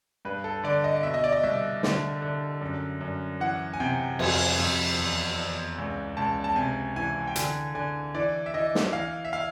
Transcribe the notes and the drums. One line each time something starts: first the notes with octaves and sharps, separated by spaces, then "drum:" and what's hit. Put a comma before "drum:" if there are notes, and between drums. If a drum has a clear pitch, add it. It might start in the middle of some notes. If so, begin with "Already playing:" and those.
G2 B4
A4
D3 D5
D#5
B2 E5
D#5
D5
D#5
C2 E5
D3, drum: snare
D3
F#2
F#2
E3 F#5
G#5
C3 G5
F2 G#5, drum: cymbal
F2
E2
E2
C#2
C#2 A5
A5
C3 G#5
E3 G#5
G5
D3 G#5, drum: hi-hat
D3 G#5
E3 D5
E5
E3 D#5
drum: snare
E3 F5
E5
F5